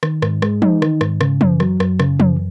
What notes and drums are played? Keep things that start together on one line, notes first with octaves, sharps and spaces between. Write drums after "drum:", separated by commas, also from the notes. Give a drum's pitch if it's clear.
D#3, drum: rim click
G#2, drum: rim click
G#3, drum: rim click
D#4, drum: tom E3
D#3, drum: rim click
G#2, drum: rim click
C#3, drum: rim click
F#2, drum: tom E3
F#3, drum: rim click
F#2, drum: rim click
C#3, drum: rim click
F#2, drum: tom